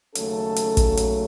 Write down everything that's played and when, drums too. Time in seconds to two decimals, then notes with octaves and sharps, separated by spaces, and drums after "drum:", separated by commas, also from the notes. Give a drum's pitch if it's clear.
0.15 D#2 C#3 F#3 A3 C#4 A4, drum: hi-hat
0.56 drum: hi-hat
0.77 drum: kick, hi-hat
0.97 drum: hi-hat